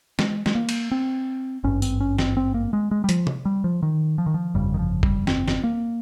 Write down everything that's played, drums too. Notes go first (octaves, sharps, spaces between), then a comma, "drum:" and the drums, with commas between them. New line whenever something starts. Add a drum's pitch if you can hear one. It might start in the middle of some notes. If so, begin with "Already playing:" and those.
G#3, drum: snare
G#3, drum: snare
A#3
drum: cymbal
C4
G#1 G2 C#4
C4, drum: tambourine
C#4
C4, drum: snare
C4
A#3
G#3
G#3
G3
F3, drum: hi-hat
drum: tom
G3
F3
D#3
F3
D#3
F3
G1 F2 C#3 G3
D#3
F3
G3, drum: kick F#1
C4, drum: snare
drum: snare
A#3